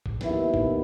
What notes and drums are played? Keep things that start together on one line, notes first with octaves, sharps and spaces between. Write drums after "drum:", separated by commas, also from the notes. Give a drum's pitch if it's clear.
drum: kick B1
D#2 D#3 B3 E4, drum: snare
drum: kick B1